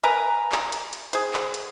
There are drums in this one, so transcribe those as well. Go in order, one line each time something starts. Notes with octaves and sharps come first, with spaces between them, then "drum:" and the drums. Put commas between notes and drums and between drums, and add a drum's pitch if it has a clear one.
A#4 B4 G#5 A#5
drum: clap
drum: hi-hat
drum: hi-hat
G#4 C5, drum: hi-hat
drum: clap
drum: hi-hat